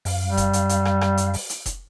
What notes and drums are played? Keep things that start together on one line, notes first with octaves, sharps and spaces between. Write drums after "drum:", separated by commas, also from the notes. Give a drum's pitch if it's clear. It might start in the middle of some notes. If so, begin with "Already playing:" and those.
F#2 F5, drum: open hi-hat
G3
drum: kick F1, hi-hat
drum: hi-hat
drum: hi-hat
drum: rim click
drum: rim click
drum: hi-hat
drum: open hi-hat
drum: hi-hat
drum: kick F1, hi-hat